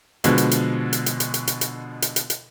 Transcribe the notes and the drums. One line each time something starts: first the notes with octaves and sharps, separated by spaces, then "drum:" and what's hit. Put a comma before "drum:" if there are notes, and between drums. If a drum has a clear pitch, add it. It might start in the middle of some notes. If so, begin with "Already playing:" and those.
B2 D3 F3 G#3, drum: hi-hat
drum: hi-hat
drum: hi-hat
drum: hi-hat
drum: hi-hat
drum: hi-hat
drum: hi-hat
drum: hi-hat
drum: hi-hat
drum: hi-hat
drum: hi-hat
drum: hi-hat